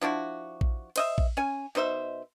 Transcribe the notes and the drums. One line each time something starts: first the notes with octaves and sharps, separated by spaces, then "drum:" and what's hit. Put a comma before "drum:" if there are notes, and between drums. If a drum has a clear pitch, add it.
F3 D4 E4 F#4
drum: kick A#1
C5 D#5 E5, drum: cymbal
drum: kick A#1
C#4 G#5
B2 D#4 C5 E5